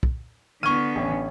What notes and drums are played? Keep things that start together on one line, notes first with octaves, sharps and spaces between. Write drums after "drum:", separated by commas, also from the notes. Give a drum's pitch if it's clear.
drum: kick
D3 B3 C#6 F6 G#6 D#7 G7
A1 C#4